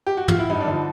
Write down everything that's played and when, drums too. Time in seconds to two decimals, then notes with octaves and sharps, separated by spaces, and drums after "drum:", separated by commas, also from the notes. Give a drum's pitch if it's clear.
0.06 G4
0.17 F#4
0.28 F4, drum: tom
0.39 E4
0.50 G2 D#4
0.61 D4
0.66 D3 F3 D#4